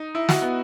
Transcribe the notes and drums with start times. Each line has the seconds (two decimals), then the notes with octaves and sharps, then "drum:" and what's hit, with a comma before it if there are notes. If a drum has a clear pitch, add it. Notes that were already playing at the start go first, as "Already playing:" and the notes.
Already playing: D#4
0.15 E4
0.29 F#4, drum: snare
0.42 B3